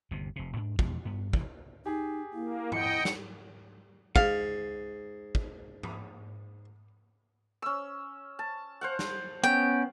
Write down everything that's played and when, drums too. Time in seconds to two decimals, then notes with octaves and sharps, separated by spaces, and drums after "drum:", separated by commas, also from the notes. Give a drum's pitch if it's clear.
0.11 G1 D#2 C3
0.36 F1 C3
0.56 G#2 D4
0.79 E2 B2 F3 G#3, drum: kick
1.05 G2 B3
1.33 E1 E3 F3, drum: kick
1.86 D#4 G4 G#4
2.33 A#3 E4
2.72 D#1 F2 D#5 F#5 G5 C#7, drum: tom
3.05 drum: snare
4.16 G#2 F5, drum: kick
5.35 drum: kick
5.83 drum: tom
7.62 C#4 E6
8.39 A5
8.81 C5 F5 F#5
8.99 drum: snare
9.44 B3 C#4 G5